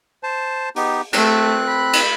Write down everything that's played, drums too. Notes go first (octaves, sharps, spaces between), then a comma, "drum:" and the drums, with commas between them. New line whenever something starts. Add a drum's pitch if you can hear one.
C5 A5
B3 D#4 G4, drum: open hi-hat
A3 C4 F#6, drum: cymbal
B5
drum: cymbal